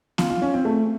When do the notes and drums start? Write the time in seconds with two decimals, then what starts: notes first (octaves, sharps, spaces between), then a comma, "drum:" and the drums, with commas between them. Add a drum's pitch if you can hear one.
0.18 F4, drum: snare B3
0.30 F4
0.42 C#4
0.54 C4
0.65 A3